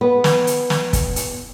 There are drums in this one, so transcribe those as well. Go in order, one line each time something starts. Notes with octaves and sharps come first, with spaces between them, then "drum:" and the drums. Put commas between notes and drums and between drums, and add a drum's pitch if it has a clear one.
B3
drum: snare
drum: hi-hat
drum: snare
drum: kick, hi-hat
drum: hi-hat